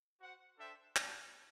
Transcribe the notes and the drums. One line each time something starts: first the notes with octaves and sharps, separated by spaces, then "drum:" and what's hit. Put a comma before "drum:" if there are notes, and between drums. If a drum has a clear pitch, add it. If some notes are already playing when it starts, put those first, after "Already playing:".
F#4 C5 F#5
D4 A4 C5 E5 G5
G3 B3 D4 F#4, drum: clap